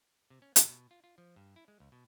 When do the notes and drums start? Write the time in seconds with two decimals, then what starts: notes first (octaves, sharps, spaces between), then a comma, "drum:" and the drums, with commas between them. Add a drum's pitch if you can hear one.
0.30 C3
0.42 C#4
0.56 G#1, drum: hi-hat
0.69 B2
0.91 F4
1.04 F4
1.18 F3
1.36 G2
1.56 E4
1.68 G#3
1.80 C#2
1.92 B2